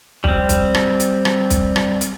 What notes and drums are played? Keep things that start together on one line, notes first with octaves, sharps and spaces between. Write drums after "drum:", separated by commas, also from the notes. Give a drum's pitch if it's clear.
G3 C4, drum: kick
drum: kick, hi-hat
drum: rim click
drum: hi-hat
drum: rim click
drum: kick, hi-hat
drum: rim click
drum: hi-hat